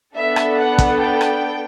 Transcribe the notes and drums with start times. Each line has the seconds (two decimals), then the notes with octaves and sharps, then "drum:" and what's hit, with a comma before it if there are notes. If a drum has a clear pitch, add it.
0.15 B3 D4 A4 E5
0.36 drum: rim click
0.57 F#5
0.78 drum: kick, hi-hat
1.00 G5
1.21 drum: rim click